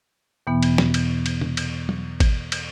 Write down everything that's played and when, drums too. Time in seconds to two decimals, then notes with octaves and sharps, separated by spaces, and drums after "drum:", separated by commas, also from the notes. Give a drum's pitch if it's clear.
0.47 E2 B2 E3 B3
0.63 drum: cymbal
0.78 drum: snare
0.94 drum: cymbal
1.26 drum: cymbal
1.41 drum: tom
1.57 drum: cymbal
1.89 drum: tom F#3
2.20 drum: kick G#1, cymbal
2.52 drum: cymbal